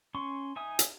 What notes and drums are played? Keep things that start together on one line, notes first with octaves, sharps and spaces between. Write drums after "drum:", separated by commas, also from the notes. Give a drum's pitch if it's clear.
C#4 C6 C#6
D#4 E5 G#5 D#6
drum: hi-hat